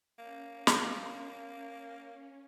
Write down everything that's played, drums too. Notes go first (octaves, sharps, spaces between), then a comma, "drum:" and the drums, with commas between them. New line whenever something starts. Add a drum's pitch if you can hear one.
A#3 C#4
drum: snare